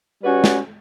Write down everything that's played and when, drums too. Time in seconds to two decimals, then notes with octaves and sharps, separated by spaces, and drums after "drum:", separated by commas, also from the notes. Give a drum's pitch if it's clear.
0.24 G3 C#4 F#4 B4 C#5
0.44 drum: snare